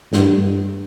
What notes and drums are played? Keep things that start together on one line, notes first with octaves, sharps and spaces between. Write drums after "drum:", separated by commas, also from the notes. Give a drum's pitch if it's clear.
G2, drum: snare